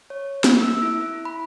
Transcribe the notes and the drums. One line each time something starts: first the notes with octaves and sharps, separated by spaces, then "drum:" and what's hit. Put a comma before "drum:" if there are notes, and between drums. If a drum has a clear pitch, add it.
C#5
A#3, drum: snare
E6
E4
E4
B5